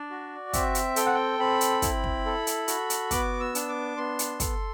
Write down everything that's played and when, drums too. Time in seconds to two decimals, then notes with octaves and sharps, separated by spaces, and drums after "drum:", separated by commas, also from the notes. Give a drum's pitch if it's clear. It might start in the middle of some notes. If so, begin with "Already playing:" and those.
Already playing: D4 D5
0.10 F#4
0.53 C4 E5, drum: kick, hi-hat
0.75 drum: hi-hat
0.96 A4 G5, drum: hi-hat
1.06 F#5
1.14 G5
1.40 C4 B5
1.61 drum: hi-hat
1.82 E4, drum: kick, hi-hat
2.04 drum: kick
2.26 A4
2.47 drum: hi-hat
2.68 F#4, drum: hi-hat
2.90 drum: hi-hat
3.11 B3 D6, drum: kick, hi-hat
3.40 E6
3.55 D4, drum: hi-hat
3.69 D6
3.97 B3 C6
4.19 drum: hi-hat
4.40 A4, drum: kick, hi-hat